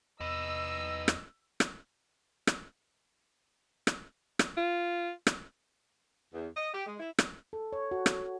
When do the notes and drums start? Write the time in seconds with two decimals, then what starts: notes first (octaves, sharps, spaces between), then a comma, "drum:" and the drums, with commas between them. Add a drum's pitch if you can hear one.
0.20 E2 D#4 B4 D#5 E6
1.08 drum: rim click
1.60 drum: rim click
2.47 drum: rim click
3.87 drum: rim click
4.39 drum: rim click
4.57 F4
5.27 drum: rim click
6.32 E2
6.56 D#5
6.72 G4
6.86 G#3
6.99 E4
7.19 drum: rim click
7.53 A4
7.73 C#5
7.91 F#4
8.06 drum: rim click